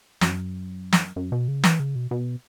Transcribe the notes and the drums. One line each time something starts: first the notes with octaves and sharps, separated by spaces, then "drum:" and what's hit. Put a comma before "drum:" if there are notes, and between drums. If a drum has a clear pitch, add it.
F#2, drum: snare
drum: snare
F#2
B2
C#3
E3, drum: snare
C#3
B2
B2